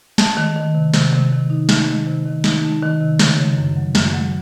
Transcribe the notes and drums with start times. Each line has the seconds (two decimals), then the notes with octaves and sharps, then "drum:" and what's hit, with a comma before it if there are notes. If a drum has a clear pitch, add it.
0.18 A3, drum: snare
0.37 D#3
0.56 D#3
0.75 C3
0.94 C3, drum: snare
1.13 C3
1.32 D#3
1.50 D#4
1.69 A3, drum: snare
1.88 D#3
2.06 C3
2.25 D#3
2.44 D#4, drum: snare
2.63 A3
2.82 D#3
3.01 C3
3.19 C#3, drum: snare
3.38 C#3
3.57 F#2
3.76 F#3
3.95 F#2, drum: snare
4.14 F#3